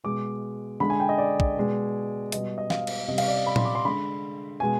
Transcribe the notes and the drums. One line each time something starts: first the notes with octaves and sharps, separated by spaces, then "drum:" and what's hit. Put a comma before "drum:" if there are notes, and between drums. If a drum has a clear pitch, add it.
B2 G#3 D6
D3 G#3 B5
G#5
G5
D#5
D5
drum: kick
B2 G#3
B2 G3 D#5, drum: hi-hat
D#5
F5, drum: snare
drum: cymbal
C3 G3 D#5
F5, drum: cymbal
D5
D#5
B5
C6, drum: tom A#2
D6
C6
D3 G#3 B5
B2 G#3 G#5